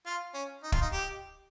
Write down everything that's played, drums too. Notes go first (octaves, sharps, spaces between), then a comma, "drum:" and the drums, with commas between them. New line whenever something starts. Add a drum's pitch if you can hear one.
F4
C#4
D#4
F4, drum: kick
D#4
G4